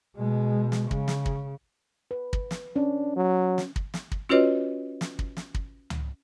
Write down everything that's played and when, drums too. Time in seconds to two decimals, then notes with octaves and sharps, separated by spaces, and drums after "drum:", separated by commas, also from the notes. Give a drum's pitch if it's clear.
0.16 B2 G#3
0.72 drum: snare
0.91 C#3, drum: kick
1.08 drum: snare
1.26 drum: kick
2.11 B4
2.33 drum: kick
2.51 drum: snare
2.76 C#4 D4
3.16 F#3
3.58 drum: snare
3.76 drum: kick
3.94 drum: snare
4.12 drum: kick
4.29 C#4 F4 F#4 B4 C#5 D#5
5.01 drum: snare
5.19 drum: kick
5.37 drum: snare
5.54 drum: kick
5.90 drum: tom